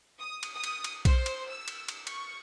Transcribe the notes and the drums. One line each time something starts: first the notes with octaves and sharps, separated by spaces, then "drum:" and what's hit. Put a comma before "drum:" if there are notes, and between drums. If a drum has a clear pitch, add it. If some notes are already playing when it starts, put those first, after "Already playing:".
D#6
drum: cymbal
D#6
drum: cymbal
drum: cymbal
C5, drum: kick B1, cymbal
drum: cymbal
E6
drum: cymbal
drum: cymbal
C#6, drum: cymbal